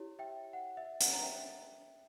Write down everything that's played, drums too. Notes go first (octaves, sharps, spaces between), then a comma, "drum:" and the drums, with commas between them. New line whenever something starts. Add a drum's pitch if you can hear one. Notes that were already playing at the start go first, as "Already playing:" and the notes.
Already playing: E4 G4 C#5
E5 G5
F#5
E5
F#5, drum: hi-hat
A#5
E5 G5